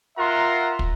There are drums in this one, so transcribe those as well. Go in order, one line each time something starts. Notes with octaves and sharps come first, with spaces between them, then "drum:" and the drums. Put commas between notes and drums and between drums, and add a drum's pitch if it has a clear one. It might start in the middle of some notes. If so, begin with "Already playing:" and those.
F4 A#4 E5 F#5 A#5 C6
drum: kick